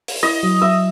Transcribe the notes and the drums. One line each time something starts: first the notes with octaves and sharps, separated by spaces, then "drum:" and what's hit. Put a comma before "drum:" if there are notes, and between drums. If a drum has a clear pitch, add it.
drum: open hi-hat
E4 D#5
F#3
F#3 E5